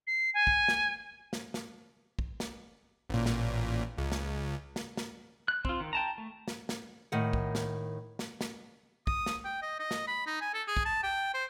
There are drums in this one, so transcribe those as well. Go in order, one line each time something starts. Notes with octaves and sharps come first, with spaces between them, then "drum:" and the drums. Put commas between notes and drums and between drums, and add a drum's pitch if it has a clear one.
C7
G#5
drum: kick
drum: snare
drum: snare
drum: snare
drum: kick
drum: snare
A1 A#2
drum: snare
C#2
drum: snare
drum: snare
drum: snare
F#6
C4 F4, drum: kick
D#3
G5 A5 A#5
A3
drum: snare
drum: snare
A2 D#3 F#5
drum: kick
drum: snare
drum: snare
drum: snare
D#6, drum: kick
drum: snare
G5
D#5
D#5
drum: snare
B5
D#4
G#5
A4
G#4
drum: kick
A5
G5
C5